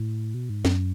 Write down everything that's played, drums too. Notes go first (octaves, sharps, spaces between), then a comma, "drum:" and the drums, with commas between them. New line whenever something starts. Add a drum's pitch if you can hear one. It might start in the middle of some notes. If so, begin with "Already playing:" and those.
Already playing: A2
B2
G#2
F#2, drum: snare